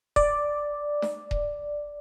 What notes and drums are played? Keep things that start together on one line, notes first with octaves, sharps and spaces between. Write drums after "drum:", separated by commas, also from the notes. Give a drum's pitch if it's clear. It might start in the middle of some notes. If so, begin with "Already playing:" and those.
D5, drum: kick D#1
drum: snare
drum: kick D#1